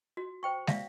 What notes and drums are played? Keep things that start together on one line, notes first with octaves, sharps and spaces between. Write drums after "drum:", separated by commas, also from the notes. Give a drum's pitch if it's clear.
F#4
C5 G5 C#6
D5 E5 F5, drum: snare